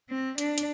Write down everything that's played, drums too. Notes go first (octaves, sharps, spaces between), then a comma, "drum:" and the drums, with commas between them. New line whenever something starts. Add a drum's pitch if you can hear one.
C4
D4, drum: hi-hat
drum: hi-hat